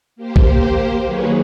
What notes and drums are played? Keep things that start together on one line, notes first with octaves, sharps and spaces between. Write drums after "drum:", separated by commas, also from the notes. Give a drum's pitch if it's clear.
A#3 G4 C5
drum: kick A#1
D#3 F#3 A#3 G#4 B4 C#5